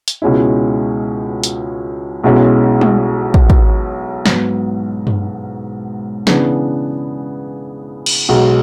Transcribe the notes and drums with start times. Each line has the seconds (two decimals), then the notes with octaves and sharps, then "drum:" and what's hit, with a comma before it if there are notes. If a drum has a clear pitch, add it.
0.08 drum: hi-hat
0.22 C#2 B2 G#3 C#4 E4
1.44 drum: hi-hat
2.24 B1 B2 G#3 C#4 E4
2.81 drum: tom G3
3.34 drum: kick
3.50 drum: kick
4.26 G#2 F#3 B3, drum: snare
5.07 drum: tom G2
6.27 C#3 E3 B3 D4 G#4, drum: snare
8.06 drum: cymbal
8.29 B1 B2 G#3